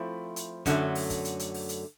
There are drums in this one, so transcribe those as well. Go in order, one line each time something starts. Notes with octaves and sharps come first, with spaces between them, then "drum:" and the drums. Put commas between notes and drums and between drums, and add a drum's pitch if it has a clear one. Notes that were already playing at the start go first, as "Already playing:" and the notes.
Already playing: F3 A3 C4 E4
drum: hi-hat
F#2 D3 F#3 A3, drum: kick, hi-hat
drum: open hi-hat
drum: kick, hi-hat
drum: hi-hat
drum: hi-hat
drum: open hi-hat
drum: hi-hat